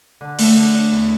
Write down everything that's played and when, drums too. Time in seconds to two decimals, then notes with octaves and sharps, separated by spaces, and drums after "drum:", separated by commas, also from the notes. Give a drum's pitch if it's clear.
0.21 D3
0.39 A3, drum: open hi-hat
0.56 D3
0.74 D4
0.92 E2